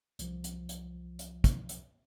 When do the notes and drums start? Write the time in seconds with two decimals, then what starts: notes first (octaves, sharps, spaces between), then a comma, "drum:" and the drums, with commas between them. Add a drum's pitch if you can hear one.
0.19 C2 F3, drum: hi-hat
0.44 drum: hi-hat
0.69 drum: hi-hat
1.19 drum: hi-hat
1.44 drum: kick, hi-hat
1.69 drum: hi-hat